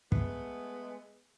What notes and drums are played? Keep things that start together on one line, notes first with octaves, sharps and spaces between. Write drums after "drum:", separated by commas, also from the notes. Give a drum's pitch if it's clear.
G#3 A3 B3, drum: kick